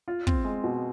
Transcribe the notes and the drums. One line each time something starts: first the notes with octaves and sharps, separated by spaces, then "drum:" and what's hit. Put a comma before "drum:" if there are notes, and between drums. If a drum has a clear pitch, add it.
F4
C4, drum: kick
G#3
B2